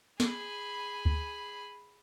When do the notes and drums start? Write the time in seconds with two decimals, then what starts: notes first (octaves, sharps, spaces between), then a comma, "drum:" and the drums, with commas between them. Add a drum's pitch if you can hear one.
0.20 G#4 B5, drum: snare
1.05 drum: kick D2